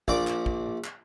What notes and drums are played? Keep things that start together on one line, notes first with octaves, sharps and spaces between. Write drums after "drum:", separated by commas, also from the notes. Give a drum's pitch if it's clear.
A#1 D5 D6, drum: kick
drum: clap
drum: kick
drum: clap